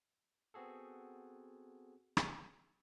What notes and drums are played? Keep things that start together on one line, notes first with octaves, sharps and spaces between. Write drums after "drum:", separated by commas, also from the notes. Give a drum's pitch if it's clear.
B3 C4 F#4 G#4 A4
drum: rim click